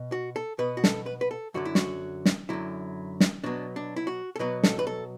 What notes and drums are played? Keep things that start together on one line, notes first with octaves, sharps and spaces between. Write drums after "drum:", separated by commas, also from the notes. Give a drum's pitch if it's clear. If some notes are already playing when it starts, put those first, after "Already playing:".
Already playing: B2
F#4
A4
B2 B3 B4
F#4
A4, drum: snare
B4
B4
A4
F#2 D3 F#3 F#4
E4
F#4, drum: snare
drum: snare
F#2 D3 F#3 E4
drum: snare
B2 F#3 B3 D4
D4
E4
F#4
A4
B2 F#3 B3 B4
A4, drum: snare
B4
A4